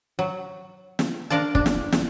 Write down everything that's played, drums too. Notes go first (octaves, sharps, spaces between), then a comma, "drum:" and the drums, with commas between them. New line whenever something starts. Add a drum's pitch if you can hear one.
F#3
drum: snare
D4 A#4 D5 F5 A5
D4, drum: kick
drum: snare
drum: snare